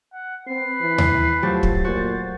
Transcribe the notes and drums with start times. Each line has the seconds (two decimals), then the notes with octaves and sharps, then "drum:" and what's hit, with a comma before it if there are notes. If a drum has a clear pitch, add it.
0.13 F#5
0.47 C4 B4 C7
0.81 E3
0.98 drum: tom D#2
1.43 F3 F#3 A3 G4 A6
1.63 drum: kick
1.84 A#2 F#4 C5